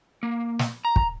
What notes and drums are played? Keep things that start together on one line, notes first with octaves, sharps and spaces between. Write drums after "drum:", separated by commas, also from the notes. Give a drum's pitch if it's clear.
A#3
drum: snare
A#5
drum: kick